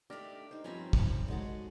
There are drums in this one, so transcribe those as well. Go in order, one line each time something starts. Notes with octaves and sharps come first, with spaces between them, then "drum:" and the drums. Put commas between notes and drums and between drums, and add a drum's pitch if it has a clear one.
A3 D4 D#4 G4 D6 F6 A#6
D#4 C5
G2 F3 G3 C4 C#4 G#5 A#5
drum: kick
G#3 D#4 F#4 G#4 A4 C#5 D#5 A5